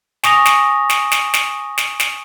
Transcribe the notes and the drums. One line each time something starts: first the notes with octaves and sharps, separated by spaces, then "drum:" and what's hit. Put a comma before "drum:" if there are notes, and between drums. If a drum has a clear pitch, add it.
G#5 C#6 D#6 A#6 F7, drum: snare
drum: snare
drum: snare
drum: snare
drum: snare
drum: snare
drum: snare